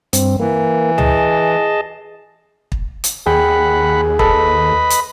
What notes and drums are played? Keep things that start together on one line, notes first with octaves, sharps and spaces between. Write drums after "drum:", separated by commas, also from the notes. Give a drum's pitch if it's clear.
G2 C4, drum: hi-hat
E3 A#3
G#4 D#5 A5, drum: tom C#2
drum: kick
drum: hi-hat
D#2 G#4 F#5 G5 B5
A4 B4 D#5 B5, drum: kick
drum: hi-hat